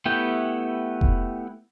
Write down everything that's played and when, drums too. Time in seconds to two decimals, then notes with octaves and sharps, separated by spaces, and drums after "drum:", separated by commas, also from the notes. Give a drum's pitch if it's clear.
0.05 A3 B3 E4 G4 G5
1.01 drum: kick F1